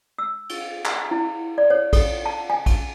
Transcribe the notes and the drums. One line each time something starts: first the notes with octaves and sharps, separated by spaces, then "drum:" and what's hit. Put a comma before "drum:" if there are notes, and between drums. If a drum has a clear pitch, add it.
E6
drum: cymbal
drum: clap
E4
D5
C#5
A4, drum: kick A#1, cymbal
A5
G#5
drum: kick A#1, cymbal